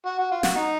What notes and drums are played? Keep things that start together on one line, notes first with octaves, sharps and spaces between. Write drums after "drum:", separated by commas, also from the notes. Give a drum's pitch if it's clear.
F#4
F#4
F4
F#4, drum: snare
D#4